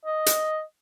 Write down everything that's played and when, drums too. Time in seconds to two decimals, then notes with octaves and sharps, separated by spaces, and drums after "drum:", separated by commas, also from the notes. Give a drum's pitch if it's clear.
0.06 D#5
0.26 drum: hi-hat